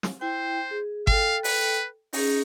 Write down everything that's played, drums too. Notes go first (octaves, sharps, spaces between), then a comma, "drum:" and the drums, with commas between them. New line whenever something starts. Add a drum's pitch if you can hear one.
drum: snare
E4 C5 G5
G#4
A4 F5 G5, drum: kick G1
B4, drum: open hi-hat
C#4 D#4 G#4, drum: open hi-hat